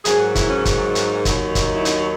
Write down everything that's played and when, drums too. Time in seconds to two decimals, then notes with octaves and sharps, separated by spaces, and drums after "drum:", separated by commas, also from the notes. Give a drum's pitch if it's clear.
0.05 G#2 F#3 A#3 G#4, drum: hi-hat
0.20 F#4
0.35 E4, drum: kick, hi-hat
0.50 C#4
0.65 D#4, drum: kick, hi-hat
0.95 drum: hi-hat
1.25 D#2 D#3 F#3, drum: kick, hi-hat
1.55 drum: kick, hi-hat
1.75 E4
1.85 D#4, drum: hi-hat